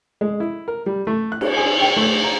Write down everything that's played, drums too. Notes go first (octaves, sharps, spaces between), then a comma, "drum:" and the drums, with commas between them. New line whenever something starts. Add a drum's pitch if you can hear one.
G#3
E4
A#4
G3
A3
F#6
drum: cymbal
G#4
G5
A3
A#5